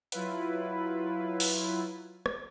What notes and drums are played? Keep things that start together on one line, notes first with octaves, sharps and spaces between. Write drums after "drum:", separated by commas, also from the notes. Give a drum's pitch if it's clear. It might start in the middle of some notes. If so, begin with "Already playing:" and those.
F#3 E4 F4 B4, drum: hi-hat
drum: open hi-hat
drum: rim click